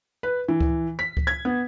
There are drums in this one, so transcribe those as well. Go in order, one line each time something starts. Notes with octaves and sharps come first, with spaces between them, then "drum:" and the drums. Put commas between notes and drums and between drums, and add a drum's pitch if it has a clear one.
B4
E3
drum: kick C#2
B6
drum: kick C#2
G#6
B3